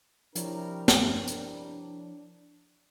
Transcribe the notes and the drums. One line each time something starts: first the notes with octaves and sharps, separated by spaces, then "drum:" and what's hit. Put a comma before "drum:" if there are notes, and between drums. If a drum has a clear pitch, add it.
C3 F3 G3 D4 E4 A#4 C#5, drum: hi-hat
drum: snare
drum: hi-hat